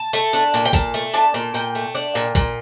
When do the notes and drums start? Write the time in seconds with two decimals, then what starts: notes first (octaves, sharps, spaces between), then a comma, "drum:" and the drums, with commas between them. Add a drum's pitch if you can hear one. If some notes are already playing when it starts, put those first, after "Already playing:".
Already playing: A5
0.13 A3
0.33 D4
0.54 A#2
0.65 G5
0.73 A#2 A5, drum: kick, tambourine
0.94 A3
1.14 D4 A5
1.34 A#2
1.54 A#2 G5, drum: tambourine
1.75 A3
1.95 D4
2.15 A#2
2.35 A#2, drum: kick, tambourine